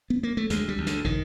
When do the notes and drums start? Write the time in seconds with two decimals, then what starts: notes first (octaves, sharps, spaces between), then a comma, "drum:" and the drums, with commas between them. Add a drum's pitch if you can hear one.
0.10 B3
0.23 A#3
0.37 A3
0.50 D2 G#3, drum: hi-hat
0.69 G3
0.78 D2
0.87 D3, drum: hi-hat
1.05 D#3, drum: kick